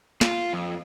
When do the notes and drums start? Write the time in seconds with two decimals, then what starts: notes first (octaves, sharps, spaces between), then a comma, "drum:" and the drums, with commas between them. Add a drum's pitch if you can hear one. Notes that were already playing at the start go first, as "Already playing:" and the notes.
0.21 F4, drum: snare
0.53 F2